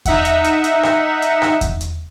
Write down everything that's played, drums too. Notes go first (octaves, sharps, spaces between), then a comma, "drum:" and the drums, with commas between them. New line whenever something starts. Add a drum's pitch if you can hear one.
D#4 E5 F#5, drum: kick E2, hi-hat
drum: hi-hat
drum: hi-hat
drum: hi-hat
drum: rim click
drum: hi-hat
drum: rim click
drum: kick E2, hi-hat
drum: hi-hat